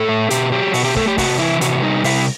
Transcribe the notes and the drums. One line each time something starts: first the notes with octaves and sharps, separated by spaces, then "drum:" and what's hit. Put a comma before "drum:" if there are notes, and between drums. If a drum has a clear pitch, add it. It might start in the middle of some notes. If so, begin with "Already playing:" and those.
Already playing: A2 A4
A3
B2 G4, drum: hi-hat
F#3 G4
B2 F#4, drum: open hi-hat
G4
A3 A4, drum: kick
G4
C3 F#4, drum: kick, open hi-hat
E3 E4
C3 F#4, drum: hi-hat
G3 D#4
C3 E4, drum: open hi-hat